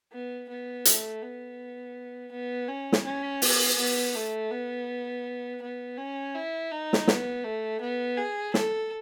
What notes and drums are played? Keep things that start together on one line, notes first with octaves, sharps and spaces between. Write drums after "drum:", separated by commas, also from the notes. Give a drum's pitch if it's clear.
B3
B3
A3, drum: hi-hat
B3
B3
C#4
drum: snare
C#4
B3, drum: open hi-hat
B3
A3
B3
B3
C#4
E4
D#4
drum: snare
B3, drum: snare
A3
B3
G#4
A4, drum: snare